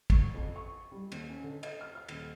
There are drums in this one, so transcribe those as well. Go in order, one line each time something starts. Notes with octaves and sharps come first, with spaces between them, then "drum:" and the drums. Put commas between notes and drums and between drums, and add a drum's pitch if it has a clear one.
C#6, drum: kick, cymbal
F2
C#6
G3
D#2, drum: cymbal
C#4
D3
D#5, drum: cymbal
F6
F6
D#1, drum: cymbal